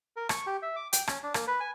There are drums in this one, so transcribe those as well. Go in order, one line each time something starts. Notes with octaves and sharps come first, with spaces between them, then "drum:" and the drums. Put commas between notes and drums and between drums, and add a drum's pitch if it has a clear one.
A#4
C#6, drum: rim click
G4
E5
D6
G5, drum: hi-hat
C#4, drum: rim click
D4
A#3, drum: rim click
B4
G#5